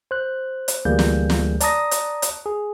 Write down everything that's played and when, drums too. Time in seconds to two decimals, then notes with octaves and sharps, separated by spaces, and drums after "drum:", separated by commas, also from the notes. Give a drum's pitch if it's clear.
0.11 C5 F#6
0.68 drum: hi-hat
0.85 D2 E3 G3 A#3 G#4 G6
0.99 drum: snare
1.30 drum: snare
1.60 D5 A5 A#5 D#6 A#6, drum: hi-hat
1.91 drum: hi-hat
2.22 drum: hi-hat
2.46 G#4